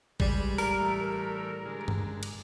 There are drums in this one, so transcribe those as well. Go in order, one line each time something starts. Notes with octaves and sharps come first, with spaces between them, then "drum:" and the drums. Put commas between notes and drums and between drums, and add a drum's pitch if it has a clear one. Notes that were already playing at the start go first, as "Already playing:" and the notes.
G3 G#3 B4, drum: kick
A#4, drum: open hi-hat
A2 E3 A3
D3 G#3
drum: tom G2
drum: cymbal